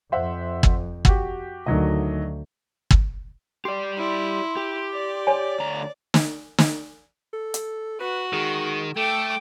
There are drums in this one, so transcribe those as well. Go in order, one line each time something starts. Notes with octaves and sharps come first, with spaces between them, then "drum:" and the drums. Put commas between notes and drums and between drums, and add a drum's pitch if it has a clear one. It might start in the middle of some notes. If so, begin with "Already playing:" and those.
F2 C5 E5 F#5
drum: kick
F#4 G4, drum: kick
D2 D#3 F#3 D#5
drum: kick
G4 D5 C6
E4
G4
D5
C#5 G#5
D2 A#5
drum: snare
drum: snare
A4
drum: hi-hat
F#4 B4
D#3 G#3
A3 A4 G5 D6